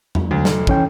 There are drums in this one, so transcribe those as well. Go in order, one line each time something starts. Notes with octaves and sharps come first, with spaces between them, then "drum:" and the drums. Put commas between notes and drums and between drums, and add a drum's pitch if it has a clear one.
drum: tom E2
D2 F#3
F1, drum: snare
E3 C#4 G5, drum: kick